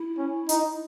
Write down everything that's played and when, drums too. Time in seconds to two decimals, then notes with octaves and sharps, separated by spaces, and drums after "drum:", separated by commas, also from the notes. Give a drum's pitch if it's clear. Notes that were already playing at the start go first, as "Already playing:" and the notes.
Already playing: E4
0.18 C#4
0.49 D#4, drum: hi-hat